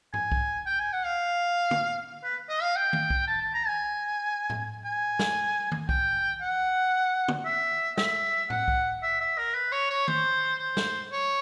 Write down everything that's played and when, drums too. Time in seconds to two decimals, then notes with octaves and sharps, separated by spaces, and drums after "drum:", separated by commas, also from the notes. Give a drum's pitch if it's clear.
0.14 G#5, drum: tom G#2
0.32 drum: kick
0.66 G5
0.79 G#5
0.93 F#5
1.05 F5
1.71 drum: tom
2.24 B4
2.49 D#5
2.62 F5
2.76 G5
2.93 drum: tom D#3
3.10 drum: kick
3.27 A5
3.41 A5
3.54 A#5
3.67 G#5
4.50 drum: tom A2
4.85 G#5
5.19 drum: snare
5.72 drum: tom D#3
5.89 G5, drum: kick
6.42 F#5
7.28 drum: tom
7.45 E5
7.97 E5, drum: snare
8.50 F#5, drum: tom A2
8.68 drum: kick
9.03 E5
9.21 E5
9.38 A#4
9.54 B4
9.72 C#5
9.90 C#5
10.08 C5, drum: tom D#3
10.59 C5
10.77 drum: snare
11.12 C#5